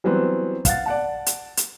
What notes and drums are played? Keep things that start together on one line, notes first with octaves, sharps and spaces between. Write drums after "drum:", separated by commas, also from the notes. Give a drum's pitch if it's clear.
E3 F#3 G3 B3 C4
F5 F#5 A6, drum: kick, hi-hat
D5 F#5 A5
drum: hi-hat
drum: hi-hat